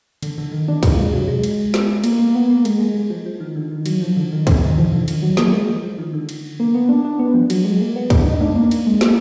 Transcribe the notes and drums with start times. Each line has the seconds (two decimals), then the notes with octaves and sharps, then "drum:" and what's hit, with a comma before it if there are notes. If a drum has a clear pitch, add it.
0.23 D3, drum: cymbal
0.38 D3
0.52 D#3
0.68 D4
0.83 F4, drum: kick, cymbal
0.98 G#3
1.13 F#3, drum: tom B2
1.28 G#3
1.44 drum: cymbal
1.74 drum: snare
2.04 A#3, drum: cymbal
2.19 A#3
2.35 B3
2.50 A#3
2.65 G#3, drum: cymbal
2.79 G#3
2.95 G#3
3.10 F3
3.26 F3
3.40 D#3
3.56 D3
3.71 D#3
3.86 F#3, drum: cymbal
4.02 F3
4.17 D3
4.32 D#3
4.47 D3, drum: kick, cymbal
4.63 D#3
4.78 F3, drum: tom B2
4.92 D3
5.08 D#3, drum: cymbal
5.22 F#3
5.37 A#3, drum: snare
5.53 G#3
5.67 F3
5.83 F3
5.98 D#3
6.13 D3
6.29 drum: cymbal
6.60 A#3
6.75 B3
6.89 D4
7.05 D4
7.19 B3
7.34 F3
7.50 F#3, drum: cymbal
7.65 G#3
7.81 A#3
7.96 B3
8.10 D4, drum: kick, cymbal
8.26 D#4
8.41 D4, drum: tom
8.56 A#3
8.71 drum: cymbal
8.87 G#3
9.01 A#3, drum: snare